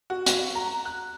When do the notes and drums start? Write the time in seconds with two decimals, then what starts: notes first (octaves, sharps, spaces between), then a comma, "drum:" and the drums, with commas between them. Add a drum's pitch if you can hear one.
0.10 F#4
0.26 F#4, drum: hi-hat
0.55 A#5
0.85 F#6